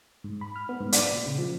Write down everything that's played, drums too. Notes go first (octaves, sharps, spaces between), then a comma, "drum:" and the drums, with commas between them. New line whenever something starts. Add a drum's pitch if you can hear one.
G#2
B5
F6
B3
G#2
D5, drum: hi-hat
A#2
C#3
F3